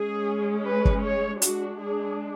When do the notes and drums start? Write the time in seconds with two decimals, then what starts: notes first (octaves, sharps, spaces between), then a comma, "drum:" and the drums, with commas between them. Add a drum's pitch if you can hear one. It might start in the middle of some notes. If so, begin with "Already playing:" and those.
Already playing: G#3 C#4 G#4
0.66 B4
0.85 drum: kick
1.04 C#5
1.42 G#3 D4 F#4, drum: hi-hat
1.79 G#4